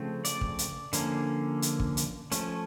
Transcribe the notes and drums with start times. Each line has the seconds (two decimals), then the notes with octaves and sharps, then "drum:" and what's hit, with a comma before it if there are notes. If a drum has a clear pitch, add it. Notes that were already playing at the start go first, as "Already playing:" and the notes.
Already playing: C#3 F3 A3 C4
0.25 D5, drum: hi-hat
0.41 drum: kick
0.59 drum: hi-hat
0.93 D3 F3 A#3 C#4, drum: hi-hat
1.62 drum: hi-hat
1.80 drum: kick
1.97 drum: hi-hat
2.32 F3 A3 C#4, drum: hi-hat